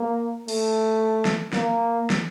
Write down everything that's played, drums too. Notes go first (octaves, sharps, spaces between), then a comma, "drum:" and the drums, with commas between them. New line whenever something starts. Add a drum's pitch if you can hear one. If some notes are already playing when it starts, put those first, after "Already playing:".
Already playing: A#3
A3, drum: cymbal
drum: snare
A#3, drum: snare
drum: snare